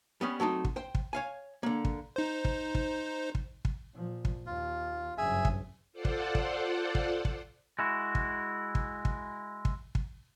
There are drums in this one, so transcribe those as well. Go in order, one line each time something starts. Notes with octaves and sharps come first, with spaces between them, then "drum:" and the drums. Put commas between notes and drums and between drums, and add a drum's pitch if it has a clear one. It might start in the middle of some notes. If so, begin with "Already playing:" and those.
G3 B3 C#4
F#3 A3 C4 D#4
drum: kick
C5 G5
drum: kick
C#5 F5 G#5
D3 A#3
drum: kick
D#4 C5
drum: kick
drum: kick
drum: kick
drum: kick
A#2 F3
drum: kick
D#2 F4
F#1 G2 G#4 E5 G#5
drum: kick
F4 A4 C5 D5 F#5
drum: kick
drum: kick
drum: kick
drum: kick
G#3 E4 F#4
drum: kick
drum: kick
drum: kick
drum: kick
drum: kick